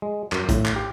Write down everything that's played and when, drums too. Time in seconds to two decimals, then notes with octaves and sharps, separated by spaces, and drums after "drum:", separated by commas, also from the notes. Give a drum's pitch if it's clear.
0.02 G#3
0.32 F#2, drum: clap
0.49 A2, drum: kick A1, hi-hat
0.65 drum: clap
0.76 G4